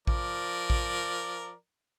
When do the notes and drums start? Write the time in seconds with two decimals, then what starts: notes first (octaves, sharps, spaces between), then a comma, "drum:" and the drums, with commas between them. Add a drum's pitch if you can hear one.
0.07 F3 A#4 D5, drum: kick A1
0.70 drum: kick A1